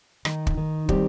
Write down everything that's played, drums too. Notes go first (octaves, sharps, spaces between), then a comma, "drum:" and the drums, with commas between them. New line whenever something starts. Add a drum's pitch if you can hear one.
D#3 D#4, drum: rim click
drum: kick
D#3
G3 C4 G4, drum: kick